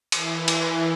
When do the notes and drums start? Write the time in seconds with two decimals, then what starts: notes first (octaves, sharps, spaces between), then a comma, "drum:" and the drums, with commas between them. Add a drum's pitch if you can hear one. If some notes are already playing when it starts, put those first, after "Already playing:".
0.12 E3, drum: cymbal
0.48 drum: cymbal